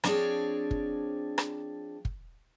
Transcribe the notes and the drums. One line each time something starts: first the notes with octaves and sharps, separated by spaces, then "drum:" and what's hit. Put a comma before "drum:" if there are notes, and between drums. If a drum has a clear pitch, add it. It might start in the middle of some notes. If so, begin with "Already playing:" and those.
F3 C4 D4 G#4 C#5 D5, drum: rim click
drum: kick
drum: rim click
drum: kick